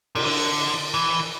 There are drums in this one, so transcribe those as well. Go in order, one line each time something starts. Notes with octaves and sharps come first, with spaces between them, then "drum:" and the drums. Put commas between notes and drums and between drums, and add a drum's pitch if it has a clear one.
C3, drum: cymbal
D3
E3